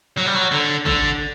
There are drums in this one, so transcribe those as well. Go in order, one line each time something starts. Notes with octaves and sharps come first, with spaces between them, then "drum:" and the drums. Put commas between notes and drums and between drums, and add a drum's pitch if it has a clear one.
F#3
G3
F#3
D3
D3, drum: kick G#1